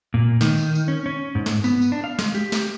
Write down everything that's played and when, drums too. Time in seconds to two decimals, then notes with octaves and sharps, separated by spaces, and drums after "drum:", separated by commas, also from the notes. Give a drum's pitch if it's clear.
0.14 A#2
0.41 D#3, drum: snare
0.58 drum: tambourine
0.75 drum: tambourine
0.88 C#4
1.06 C#4
1.35 G#2
1.46 drum: snare
1.64 B3, drum: tambourine
1.81 drum: tambourine
1.92 D4
2.04 F5
2.19 G#3, drum: snare
2.35 G4, drum: tambourine
2.52 drum: snare